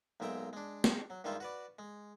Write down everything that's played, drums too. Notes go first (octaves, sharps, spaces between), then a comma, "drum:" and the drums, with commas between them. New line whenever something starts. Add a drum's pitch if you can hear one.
B1 A#2 G#3 E5 G5 A#5
G#3 D4
drum: snare
F#3
G2 D#3 G3 G#3 F4 E5
F#4 B4 D5
G#3